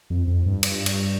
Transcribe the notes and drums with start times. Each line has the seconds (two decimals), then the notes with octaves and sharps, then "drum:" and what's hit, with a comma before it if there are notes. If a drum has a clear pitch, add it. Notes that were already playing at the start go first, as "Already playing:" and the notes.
0.10 F2
0.28 F2
0.46 G2
0.63 drum: cymbal
0.86 drum: cymbal